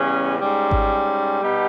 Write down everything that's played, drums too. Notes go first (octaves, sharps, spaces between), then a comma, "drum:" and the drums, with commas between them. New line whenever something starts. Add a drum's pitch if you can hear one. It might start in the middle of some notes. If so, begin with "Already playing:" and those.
Already playing: E2 C#3 G3 C#4
G#2 G3 C#4
drum: kick G#1
B2 G3 B3 D#4 G4